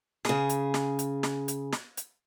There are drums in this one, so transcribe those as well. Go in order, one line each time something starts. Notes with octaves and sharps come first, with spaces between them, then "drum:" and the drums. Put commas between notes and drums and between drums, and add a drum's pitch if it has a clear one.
C#3 G#4, drum: snare
drum: hi-hat
drum: snare
drum: hi-hat
drum: snare
drum: hi-hat
drum: snare
drum: hi-hat